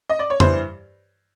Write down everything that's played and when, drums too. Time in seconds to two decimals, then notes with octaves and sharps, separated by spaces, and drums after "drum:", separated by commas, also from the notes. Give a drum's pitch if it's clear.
0.09 D#5
0.19 D5
0.30 C#5
0.40 G2 E3 G3 C5, drum: tom F2